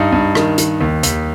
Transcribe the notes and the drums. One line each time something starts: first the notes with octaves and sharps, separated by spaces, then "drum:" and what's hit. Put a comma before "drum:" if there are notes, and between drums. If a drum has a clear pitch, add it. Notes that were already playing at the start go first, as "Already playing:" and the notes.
Already playing: G2 D#4
G2
D#3, drum: rim click
D#3, drum: hi-hat
D#2
D#2, drum: hi-hat